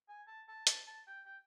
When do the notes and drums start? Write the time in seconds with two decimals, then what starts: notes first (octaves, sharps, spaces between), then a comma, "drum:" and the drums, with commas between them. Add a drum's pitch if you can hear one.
0.09 G#5
0.27 A5
0.48 A5
0.67 A5, drum: hi-hat
0.87 A5
1.07 G5
1.26 G5